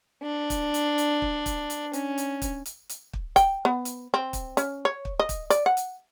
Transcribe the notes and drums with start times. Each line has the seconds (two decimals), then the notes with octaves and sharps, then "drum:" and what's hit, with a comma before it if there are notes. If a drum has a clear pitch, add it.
0.23 D4
0.50 drum: kick, hi-hat
0.74 drum: hi-hat
0.98 drum: hi-hat
1.22 drum: kick
1.46 drum: kick, hi-hat
1.70 drum: hi-hat
1.93 C#4, drum: hi-hat
2.18 drum: hi-hat
2.42 drum: kick, hi-hat
2.66 drum: hi-hat
2.89 drum: hi-hat
3.13 drum: kick
3.36 G5, drum: kick, hi-hat
3.65 B3
3.85 drum: hi-hat
4.14 C4
4.33 drum: kick, hi-hat
4.57 C#4, drum: hi-hat
4.85 C#5
5.05 drum: kick
5.20 D#5
5.29 drum: kick, hi-hat
5.50 D5, drum: hi-hat
5.66 F#5
5.77 drum: hi-hat